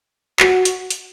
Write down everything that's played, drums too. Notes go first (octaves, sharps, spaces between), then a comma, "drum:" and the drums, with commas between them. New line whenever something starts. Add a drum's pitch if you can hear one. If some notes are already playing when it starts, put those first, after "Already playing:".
F#4, drum: clap
drum: hi-hat
drum: hi-hat